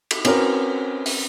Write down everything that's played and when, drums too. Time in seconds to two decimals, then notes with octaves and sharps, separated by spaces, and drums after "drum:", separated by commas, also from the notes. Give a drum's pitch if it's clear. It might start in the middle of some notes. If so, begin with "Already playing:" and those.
0.11 drum: cymbal
0.25 C4 C#4 F#4 A#4 B4, drum: cymbal
1.06 drum: open hi-hat